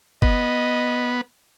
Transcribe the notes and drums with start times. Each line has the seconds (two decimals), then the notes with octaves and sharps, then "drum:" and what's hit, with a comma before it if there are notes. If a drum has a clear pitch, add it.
0.22 B3 D#5, drum: kick G1